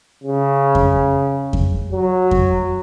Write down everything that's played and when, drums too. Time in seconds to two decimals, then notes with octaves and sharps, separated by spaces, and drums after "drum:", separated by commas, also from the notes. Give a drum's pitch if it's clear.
0.24 C#3
0.75 drum: kick F2
1.53 drum: kick F2
1.92 F#3
2.31 drum: kick F2